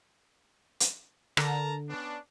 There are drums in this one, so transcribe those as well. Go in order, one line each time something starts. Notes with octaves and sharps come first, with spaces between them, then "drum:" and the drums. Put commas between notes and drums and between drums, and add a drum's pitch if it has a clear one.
drum: hi-hat
D3 A#4 A5 A#5, drum: rim click
B3 C#4 D4